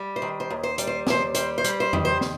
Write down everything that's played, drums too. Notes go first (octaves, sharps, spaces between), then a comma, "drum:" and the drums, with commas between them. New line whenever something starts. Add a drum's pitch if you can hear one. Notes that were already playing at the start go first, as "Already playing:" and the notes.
Already playing: G3
C5
D#3
C5
D#2
C5
G3, drum: hi-hat
C5
D#2 C5, drum: snare
G3 C5, drum: hi-hat
C5
G3, drum: hi-hat
C5
D#3, drum: tom E2
C5
drum: snare